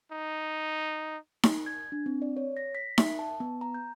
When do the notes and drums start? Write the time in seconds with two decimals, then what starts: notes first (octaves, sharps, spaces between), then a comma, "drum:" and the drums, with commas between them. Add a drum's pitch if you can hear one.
0.12 D#4
1.43 drum: snare D#4
1.66 G#6
1.92 D4
2.06 C4
2.22 D5
2.37 C#5
2.57 A#6
2.75 B6
2.98 E5, drum: snare D#4
3.19 A5
3.40 B3
3.61 A#5
3.74 G6